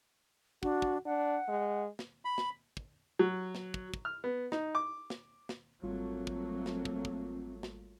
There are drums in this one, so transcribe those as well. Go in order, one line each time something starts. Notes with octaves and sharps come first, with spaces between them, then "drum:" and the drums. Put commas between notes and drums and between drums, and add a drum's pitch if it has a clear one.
D4 F#4, drum: kick
drum: kick
D4 F#5
G#3
drum: snare
B5
drum: snare
drum: kick
F#3
drum: snare
drum: kick
drum: kick
F6
B3
D#4, drum: snare
D6
drum: snare
drum: snare
G#1 F#3 G3 A3 A#3 C4 F4
drum: kick
drum: snare
drum: kick
drum: kick
drum: snare